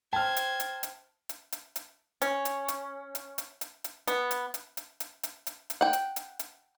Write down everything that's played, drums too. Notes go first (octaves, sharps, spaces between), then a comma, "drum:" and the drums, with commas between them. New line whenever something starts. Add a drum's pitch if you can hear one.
C5 G5 A5 F6 G#6
drum: hi-hat
drum: hi-hat
drum: hi-hat
drum: hi-hat
drum: hi-hat
drum: hi-hat
C#4, drum: hi-hat
drum: hi-hat
drum: hi-hat
drum: hi-hat
drum: hi-hat
drum: hi-hat
drum: hi-hat
B3, drum: hi-hat
drum: hi-hat
drum: hi-hat
drum: hi-hat
drum: hi-hat
drum: hi-hat
drum: hi-hat
drum: hi-hat
F#5 G5
drum: hi-hat
drum: hi-hat
drum: hi-hat